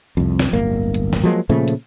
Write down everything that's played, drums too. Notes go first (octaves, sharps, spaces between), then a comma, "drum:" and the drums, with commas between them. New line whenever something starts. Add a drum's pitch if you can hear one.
C2 F2
drum: snare
D1 G1 A#3
drum: hi-hat
drum: snare
F3 F#3 G#3 A#3
A#2 C#3 F3 A3
drum: hi-hat